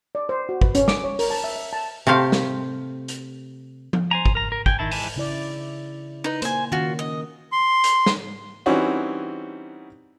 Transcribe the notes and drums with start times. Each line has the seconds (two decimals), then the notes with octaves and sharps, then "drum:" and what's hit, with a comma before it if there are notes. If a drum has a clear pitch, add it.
0.15 D5
0.29 C5
0.49 F#4
0.61 B4, drum: kick
0.75 C#4, drum: hi-hat
0.88 D6, drum: snare
1.04 C#5
1.19 A#4, drum: open hi-hat
1.31 A5
1.44 E5
1.56 E5
1.73 A5
2.07 C3 A3 G4 F5
2.32 drum: snare
3.08 drum: hi-hat
3.93 drum: tom F3
4.11 C5 G#5 A#5
4.26 drum: kick
4.35 A#4 A#5
4.52 A#4
4.66 G5 G#5, drum: kick
4.79 D#3 E4 A5
4.91 E3 G#3 B4 G#5 A5, drum: open hi-hat
5.16 C#3 E4 D5
6.24 D#4 B4
6.42 A#3 C5 G#5, drum: hi-hat
6.72 D#3 C#4 F4 F#4
6.99 D#5
7.52 C6
7.84 drum: hi-hat
8.06 drum: snare
8.66 E3 G3 C4 C#4 D#4 F#4